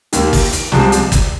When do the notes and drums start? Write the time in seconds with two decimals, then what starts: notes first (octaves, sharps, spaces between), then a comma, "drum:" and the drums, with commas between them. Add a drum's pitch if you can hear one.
0.13 D#2 D#3 A#3, drum: hi-hat
0.33 drum: kick, open hi-hat
0.53 drum: hi-hat
0.72 C2 C3 F3 G#3 C4, drum: snare
0.92 drum: hi-hat
1.12 drum: kick, hi-hat